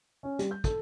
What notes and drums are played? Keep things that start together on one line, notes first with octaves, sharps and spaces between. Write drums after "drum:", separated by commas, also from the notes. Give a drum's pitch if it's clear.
C#4
G3, drum: hi-hat
G6
A4, drum: kick, hi-hat